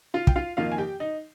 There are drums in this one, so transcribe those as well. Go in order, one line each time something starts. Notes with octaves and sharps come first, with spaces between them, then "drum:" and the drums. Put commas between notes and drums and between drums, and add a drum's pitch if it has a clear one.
F4 F5
G5, drum: kick
F4 F5
F2 D#3 A#3 F4 F5
G#5
G4 G5
D#4 D#5